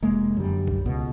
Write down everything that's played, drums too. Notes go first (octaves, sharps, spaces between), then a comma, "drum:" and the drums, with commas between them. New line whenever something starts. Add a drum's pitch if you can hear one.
F1 G#3 A#3
F#2 D3 G3
drum: kick
C#2 B2